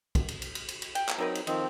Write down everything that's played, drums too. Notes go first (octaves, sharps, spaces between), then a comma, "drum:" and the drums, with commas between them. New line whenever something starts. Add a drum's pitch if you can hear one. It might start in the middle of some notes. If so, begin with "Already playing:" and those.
drum: kick, cymbal
drum: cymbal
drum: cymbal
drum: cymbal
drum: cymbal
drum: cymbal
G5, drum: cymbal
drum: clap
F#3 C4 D#4 A#4 B4
drum: cymbal
D#3 F3 C4 D#4, drum: cymbal